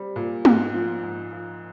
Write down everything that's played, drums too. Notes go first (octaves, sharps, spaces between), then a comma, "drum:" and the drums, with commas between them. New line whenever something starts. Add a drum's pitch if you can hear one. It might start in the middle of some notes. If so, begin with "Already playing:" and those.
Already playing: G3 C4
A#2
G#2, drum: tom
F3
G#2
F3